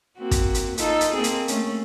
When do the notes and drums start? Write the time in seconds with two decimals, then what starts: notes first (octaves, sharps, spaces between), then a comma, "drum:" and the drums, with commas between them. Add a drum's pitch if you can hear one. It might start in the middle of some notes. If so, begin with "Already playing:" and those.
0.17 A#3 C4 F#4
0.31 drum: kick, hi-hat
0.54 drum: hi-hat
0.78 D#4 F4 A4, drum: hi-hat
1.01 drum: hi-hat
1.14 A#3 C4 G#4
1.24 drum: hi-hat
1.48 A3 C#4, drum: hi-hat